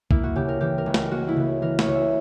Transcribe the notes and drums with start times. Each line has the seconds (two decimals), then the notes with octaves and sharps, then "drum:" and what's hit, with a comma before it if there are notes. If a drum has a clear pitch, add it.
0.11 A#3 E4, drum: kick
0.23 F#4
0.36 C#3 G4
0.49 A#4
0.61 E3 G4
0.78 A#4
0.86 C#2
0.94 A#4, drum: snare
1.11 A#3 F#4
1.28 E4
1.37 C#3
1.62 E3 A#4
1.79 C#5, drum: snare
1.87 C#2
1.95 E5